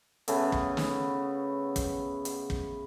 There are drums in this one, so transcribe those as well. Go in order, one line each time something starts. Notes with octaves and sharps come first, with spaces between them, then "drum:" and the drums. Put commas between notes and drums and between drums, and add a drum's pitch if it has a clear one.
C#3 A3 B3, drum: hi-hat
drum: kick
drum: snare
drum: kick, hi-hat
drum: hi-hat
drum: kick